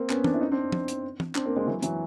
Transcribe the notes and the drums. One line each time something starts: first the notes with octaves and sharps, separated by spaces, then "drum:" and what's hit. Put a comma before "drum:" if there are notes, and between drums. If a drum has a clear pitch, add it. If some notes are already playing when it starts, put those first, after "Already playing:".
Already playing: A#3 C4
B3 C#4, drum: clap
C4 D4, drum: tom
E4
C#4 D#4
C4 D4
drum: tom
drum: hi-hat
drum: tom
C4 D4, drum: clap
A#3 C4
G#3 A#3
E3 F#3
E3 F#3, drum: hi-hat